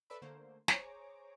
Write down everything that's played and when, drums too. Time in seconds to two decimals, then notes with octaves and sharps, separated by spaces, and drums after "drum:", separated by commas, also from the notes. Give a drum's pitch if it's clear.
0.10 A4 B4 D5 E5 B5
0.22 D3 A3 A#3 C5
0.68 G#4 C5 C#5 A#5 D6, drum: snare